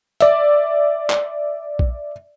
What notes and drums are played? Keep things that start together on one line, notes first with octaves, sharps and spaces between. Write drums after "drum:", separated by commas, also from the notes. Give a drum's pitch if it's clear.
D5 E5, drum: hi-hat
drum: clap
drum: kick A#1